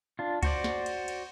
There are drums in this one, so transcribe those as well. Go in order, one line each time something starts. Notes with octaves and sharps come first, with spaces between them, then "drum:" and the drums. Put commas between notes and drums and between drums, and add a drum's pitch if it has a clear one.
D4 F4
F#4 C5 D5, drum: kick C#2, cymbal
drum: snare
drum: cymbal
drum: cymbal